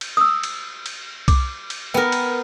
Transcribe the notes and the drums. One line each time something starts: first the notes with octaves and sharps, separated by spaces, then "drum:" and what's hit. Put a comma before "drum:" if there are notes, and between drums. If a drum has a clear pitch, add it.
drum: cymbal
D#6 E6
drum: cymbal
drum: cymbal
D6, drum: kick C2, cymbal
drum: cymbal
B3 A#4 G5
drum: cymbal